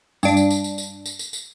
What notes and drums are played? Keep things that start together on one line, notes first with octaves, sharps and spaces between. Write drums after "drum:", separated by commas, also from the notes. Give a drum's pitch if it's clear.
G2 D4, drum: tambourine
drum: tambourine
drum: tambourine
drum: tambourine
drum: tambourine
drum: tambourine
drum: tambourine
drum: tambourine